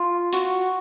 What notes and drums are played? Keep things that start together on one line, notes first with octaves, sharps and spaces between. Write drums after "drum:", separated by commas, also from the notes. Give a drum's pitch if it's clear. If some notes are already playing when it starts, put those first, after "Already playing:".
Already playing: F4
F#4, drum: hi-hat